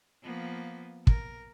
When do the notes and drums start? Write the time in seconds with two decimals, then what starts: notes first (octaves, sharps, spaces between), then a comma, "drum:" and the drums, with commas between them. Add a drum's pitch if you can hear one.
0.22 F3 A#3 B3
1.07 A#4, drum: kick